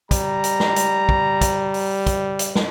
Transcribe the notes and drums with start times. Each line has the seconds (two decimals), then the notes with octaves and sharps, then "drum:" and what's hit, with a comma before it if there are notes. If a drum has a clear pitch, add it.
0.11 G3 A#5, drum: kick, hi-hat
0.44 drum: hi-hat
0.60 drum: snare
0.76 drum: hi-hat
1.09 drum: kick
1.41 drum: kick, hi-hat
1.74 drum: open hi-hat
2.07 drum: kick, hi-hat
2.39 drum: hi-hat
2.55 drum: snare